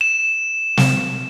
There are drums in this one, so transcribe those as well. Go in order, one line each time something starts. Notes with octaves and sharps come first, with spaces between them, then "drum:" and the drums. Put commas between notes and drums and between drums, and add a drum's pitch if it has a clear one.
E7
drum: snare